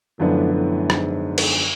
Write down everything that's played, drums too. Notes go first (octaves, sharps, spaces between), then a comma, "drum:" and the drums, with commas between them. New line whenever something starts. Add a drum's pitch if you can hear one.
F#2 A2 D3 F3 B3 D4
A2
G#2, drum: rim click
drum: cymbal